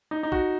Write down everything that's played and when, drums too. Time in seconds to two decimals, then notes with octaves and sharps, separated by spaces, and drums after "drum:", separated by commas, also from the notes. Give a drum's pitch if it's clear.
0.11 D#4
0.23 D#4
0.32 F#4, drum: kick